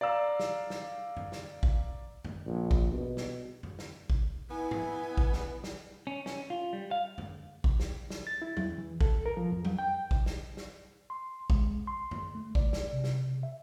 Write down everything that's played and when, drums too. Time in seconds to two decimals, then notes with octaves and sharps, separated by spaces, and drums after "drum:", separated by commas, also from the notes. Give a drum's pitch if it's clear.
0.01 D5 F5 A#5 E6
0.40 drum: snare
0.70 drum: snare
1.17 drum: tom F#2
1.32 drum: snare
1.63 drum: kick
2.25 drum: tom F#2
2.46 A#1
2.71 drum: kick
2.92 B2
3.17 drum: snare
3.63 drum: tom F#2
3.79 drum: snare
4.10 drum: kick
4.50 B3 E4 G#5
4.71 drum: tom G2
5.17 drum: kick
5.33 drum: snare
5.64 drum: snare
6.07 C#4
6.26 C#4, drum: snare
6.50 F4
6.73 G3
6.91 F5
7.18 drum: tom F#2
7.64 drum: kick
7.80 drum: snare
8.10 drum: snare
8.27 A6
8.42 E4
8.57 E2, drum: tom F#3
8.78 E3
9.01 A4, drum: kick
9.26 A#4
9.37 F3
9.52 F2
9.65 drum: tom F#3
9.79 G5
10.11 drum: kick
10.26 drum: snare
10.57 drum: snare
11.10 C6
11.50 G#3, drum: kick
11.87 C6
12.11 drum: tom F#2
12.35 A3
12.55 D5, drum: kick
12.73 drum: snare
12.93 C3
13.04 drum: snare
13.43 E5